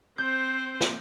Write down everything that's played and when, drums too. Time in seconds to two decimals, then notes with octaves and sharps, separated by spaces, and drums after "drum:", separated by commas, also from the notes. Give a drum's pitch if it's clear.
0.18 C4 C5 G6
0.81 drum: snare